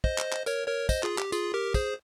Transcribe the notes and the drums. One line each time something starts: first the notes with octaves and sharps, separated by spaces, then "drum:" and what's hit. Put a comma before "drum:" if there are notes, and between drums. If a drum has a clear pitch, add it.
C5 D#5, drum: kick
drum: clap
drum: clap
A#4 C#5, drum: tambourine
A#4 C#5
C5 D#5, drum: kick, tambourine
F4 G#4, drum: clap
G4, drum: clap
F4 G#4, drum: tambourine
G4 A#4
G#4 C5, drum: kick, tambourine